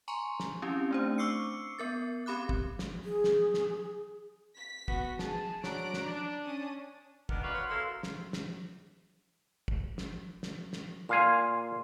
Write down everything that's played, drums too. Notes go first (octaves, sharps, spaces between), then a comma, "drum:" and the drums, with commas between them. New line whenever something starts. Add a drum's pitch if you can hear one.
G#5 A#5 C6 C#6
drum: snare
C4 C#4 E4 G4
A3 D4 C5
C#6 D6 E6 C7 C#7
B3 A#4 A6
C4 G4 B5 D6 F#6
drum: kick
drum: snare
G#4
drum: snare
drum: snare
B6
B3 F#4, drum: kick
G#4 A5, drum: snare
F#3 D4 A#5 F#6 D7, drum: snare
drum: snare
D4
C#4 A5 D#6
D#3 B3 D4 A#4, drum: kick
D4 F#4 A#4 B4 F5
C#5 F#5 C6
B2 E4 A4 A#4 F5 C6
drum: snare
drum: snare
drum: kick
drum: snare
drum: snare
drum: snare
A#2 F5 G#5 C6